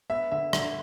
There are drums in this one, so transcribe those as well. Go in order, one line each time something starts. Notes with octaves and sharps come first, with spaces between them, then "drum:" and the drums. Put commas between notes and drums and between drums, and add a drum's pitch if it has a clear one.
B3 E5
D3 E5
D3 E5, drum: rim click